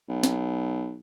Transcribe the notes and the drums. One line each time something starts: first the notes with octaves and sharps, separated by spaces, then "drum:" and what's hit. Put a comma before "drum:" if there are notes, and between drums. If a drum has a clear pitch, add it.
B1
drum: snare